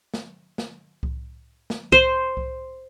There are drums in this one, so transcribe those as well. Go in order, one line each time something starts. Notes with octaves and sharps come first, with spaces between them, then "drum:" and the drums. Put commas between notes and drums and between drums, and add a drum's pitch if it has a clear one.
drum: snare
drum: snare
drum: kick C2
drum: snare
C5, drum: kick C2
drum: kick C2